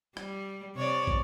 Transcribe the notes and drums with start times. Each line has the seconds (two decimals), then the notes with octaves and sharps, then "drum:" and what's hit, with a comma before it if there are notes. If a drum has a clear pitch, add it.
0.17 G3, drum: rim click
0.75 C3 C#5 D5
1.07 drum: kick